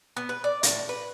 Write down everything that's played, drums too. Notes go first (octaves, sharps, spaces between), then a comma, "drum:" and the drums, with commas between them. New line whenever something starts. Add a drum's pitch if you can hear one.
B3
B4
D5
A2, drum: hi-hat
B4